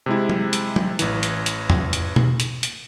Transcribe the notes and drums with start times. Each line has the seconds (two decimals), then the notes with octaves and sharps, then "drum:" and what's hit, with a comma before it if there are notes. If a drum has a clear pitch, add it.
0.06 C3 G#3 E4
0.30 drum: tom F#3
0.53 drum: hi-hat
0.76 drum: tom F#3
0.99 A1 E3, drum: hi-hat
1.23 drum: hi-hat
1.46 drum: hi-hat
1.70 drum: tom E2
1.93 drum: hi-hat
2.16 drum: tom
2.40 drum: hi-hat
2.63 drum: hi-hat